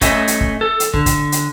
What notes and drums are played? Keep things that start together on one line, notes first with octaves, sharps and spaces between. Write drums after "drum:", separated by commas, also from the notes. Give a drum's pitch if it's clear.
A3 C#4 D#5 E5, drum: kick, hi-hat
drum: hi-hat
drum: kick
A4
drum: hi-hat
D3, drum: kick
drum: kick, hi-hat
drum: hi-hat